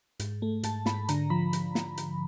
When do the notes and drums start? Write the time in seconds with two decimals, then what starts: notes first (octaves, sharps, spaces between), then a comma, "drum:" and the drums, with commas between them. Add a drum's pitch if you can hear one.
0.19 G#2, drum: hi-hat
0.42 A3
0.63 G#2 A5, drum: hi-hat
0.86 G#2 B5, drum: snare
1.08 D3 A#5, drum: hi-hat
1.30 F3 B5
1.53 drum: hi-hat
1.75 drum: snare
1.97 drum: hi-hat